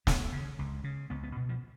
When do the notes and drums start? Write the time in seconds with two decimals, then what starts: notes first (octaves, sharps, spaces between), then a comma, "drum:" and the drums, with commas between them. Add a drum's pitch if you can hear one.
0.07 C#2 B3, drum: snare
0.32 C#3
0.59 C#2
0.84 C#3
1.10 C#2 B3
1.23 B3
1.36 B2
1.49 F3